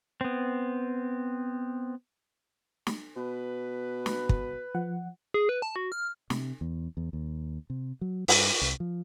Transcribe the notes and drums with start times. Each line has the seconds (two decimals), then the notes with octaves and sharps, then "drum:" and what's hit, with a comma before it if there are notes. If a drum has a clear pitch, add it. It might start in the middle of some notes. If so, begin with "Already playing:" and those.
0.21 B3 C4
2.87 drum: snare
3.17 B2 B4
4.06 drum: snare
4.29 drum: kick
4.75 F3 F#5
5.34 G#4
5.49 B4
5.62 A5
5.76 F#4
5.92 F6
6.30 C3, drum: snare
6.61 E2
6.97 E2
7.13 D#2
7.70 C3
8.01 F#3
8.28 G2, drum: open hi-hat
8.61 C2
8.80 F3